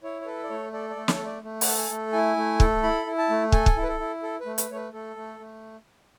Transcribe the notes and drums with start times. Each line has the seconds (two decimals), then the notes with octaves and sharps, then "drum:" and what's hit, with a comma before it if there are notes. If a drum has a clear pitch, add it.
0.03 E4 C#5
0.22 C#5
0.26 A4 B4
0.44 D5
0.50 A3 C#5
0.73 A4 D5
0.90 D5
0.96 A3
1.08 C#5, drum: snare
1.20 A3
1.26 D5
1.43 A3
1.61 F#5, drum: open hi-hat
1.66 A4
1.78 G#5
1.90 A3
2.13 E4 G#5
2.37 A3
2.60 A4, drum: kick
2.83 E4 B5
3.07 E4
3.18 A5
3.29 A3
3.52 A4 G#5, drum: kick
3.66 drum: kick
3.77 E4
3.83 B4
3.87 A4
4.00 E4
4.23 A4
4.40 B4
4.46 A3
4.58 B4, drum: hi-hat
4.70 A3 C#5
4.76 B4
4.93 A3 A4
5.16 A3
5.39 A3